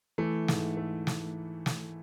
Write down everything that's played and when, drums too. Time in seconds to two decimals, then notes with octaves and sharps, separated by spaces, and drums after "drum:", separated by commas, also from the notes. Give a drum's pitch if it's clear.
0.18 E3 A3
0.48 G#2, drum: snare
0.77 A3
1.07 drum: snare
1.66 drum: snare